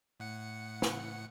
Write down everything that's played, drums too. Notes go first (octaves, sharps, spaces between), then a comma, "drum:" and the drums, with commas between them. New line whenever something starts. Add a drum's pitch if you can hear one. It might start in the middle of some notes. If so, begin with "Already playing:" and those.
A2 F#5 C#7
drum: snare